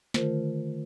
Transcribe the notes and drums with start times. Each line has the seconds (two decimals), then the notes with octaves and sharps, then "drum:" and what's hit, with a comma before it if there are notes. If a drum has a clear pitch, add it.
0.14 D3 D#3 A3 F4 A#4 C5, drum: snare